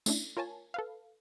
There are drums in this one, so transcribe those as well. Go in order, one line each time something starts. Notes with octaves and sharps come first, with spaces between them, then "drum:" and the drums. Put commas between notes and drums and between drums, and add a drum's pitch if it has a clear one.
A3 C#4 D4 E4, drum: tambourine
F4 A#4 C#5 G#5 A5
A4 B4 F5